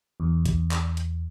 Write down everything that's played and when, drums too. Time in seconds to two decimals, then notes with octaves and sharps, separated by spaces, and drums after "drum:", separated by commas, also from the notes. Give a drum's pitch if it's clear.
0.20 E2
0.46 drum: kick, hi-hat
0.71 drum: clap
0.97 drum: hi-hat